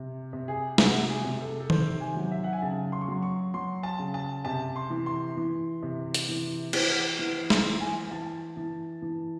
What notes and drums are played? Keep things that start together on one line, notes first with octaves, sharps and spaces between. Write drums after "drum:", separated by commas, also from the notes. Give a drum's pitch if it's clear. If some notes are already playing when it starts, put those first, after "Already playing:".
Already playing: C3
C3
G#4
C3 F#4, drum: snare
G#4
C3
A4
A4
D#3 C5, drum: tom D#3
G#5
F#3
E5
F#5
G#5
C#3 A5
C6
C#6
F#3 C6
C#6
F#3 C6
A5
C#3
A5
C3 A5
C6
E3
C6
E3
C3
drum: hi-hat
E3
E3, drum: cymbal
E3
C6, drum: snare
E3
G#5
E3 A5
E3
E3